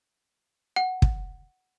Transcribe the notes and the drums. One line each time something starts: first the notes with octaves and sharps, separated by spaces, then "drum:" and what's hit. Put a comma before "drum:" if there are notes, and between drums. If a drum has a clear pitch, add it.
F#5
drum: kick